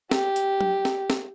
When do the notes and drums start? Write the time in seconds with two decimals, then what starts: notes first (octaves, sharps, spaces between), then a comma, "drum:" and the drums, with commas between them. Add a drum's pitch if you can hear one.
0.11 G4, drum: snare
0.36 drum: hi-hat
0.61 drum: tom F#3
0.85 drum: snare
1.10 drum: snare